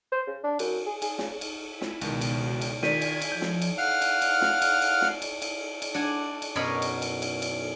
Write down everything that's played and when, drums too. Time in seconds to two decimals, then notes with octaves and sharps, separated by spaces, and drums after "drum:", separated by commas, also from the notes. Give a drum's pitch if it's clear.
0.12 C5
0.27 C#3
0.43 D4
0.59 F#2, drum: cymbal
0.86 G#4
1.02 G#4, drum: cymbal
1.18 C#3, drum: snare
1.41 drum: cymbal
1.66 E4
1.81 drum: snare
2.01 C#2 B2 D#3, drum: cymbal
2.21 drum: cymbal
2.61 drum: cymbal
2.83 D#3 F4 D5 G#5 G#6 B6 D#7, drum: snare
3.02 drum: cymbal
3.22 drum: cymbal
3.32 F3 G6
3.42 drum: snare
3.62 drum: cymbal
3.78 F5 F#5 F6
4.02 drum: cymbal
4.22 drum: cymbal
4.42 drum: snare
4.62 drum: cymbal
4.82 drum: cymbal
5.02 drum: snare
5.22 drum: cymbal
5.42 drum: cymbal
5.82 drum: cymbal
5.94 D4 F#5 G#5
6.42 drum: cymbal
6.56 F#2 B2 A#4 C#5 D#5 B5
6.82 drum: cymbal
7.02 drum: cymbal
7.22 drum: cymbal
7.42 drum: cymbal